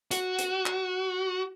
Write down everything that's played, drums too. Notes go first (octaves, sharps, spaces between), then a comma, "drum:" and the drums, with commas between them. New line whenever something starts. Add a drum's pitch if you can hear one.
F#4, drum: hi-hat
drum: hi-hat
drum: clap